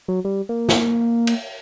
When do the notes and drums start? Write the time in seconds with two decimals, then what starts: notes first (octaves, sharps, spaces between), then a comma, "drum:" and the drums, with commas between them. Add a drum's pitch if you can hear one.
0.08 F#3
0.25 G3
0.49 A#3
0.69 drum: snare
1.27 drum: cymbal